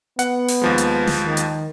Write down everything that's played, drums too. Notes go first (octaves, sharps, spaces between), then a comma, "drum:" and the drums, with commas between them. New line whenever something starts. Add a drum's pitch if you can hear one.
B3 F#5, drum: hi-hat
drum: open hi-hat
D#2 F3 G#3
drum: hi-hat
drum: snare
D#3
drum: hi-hat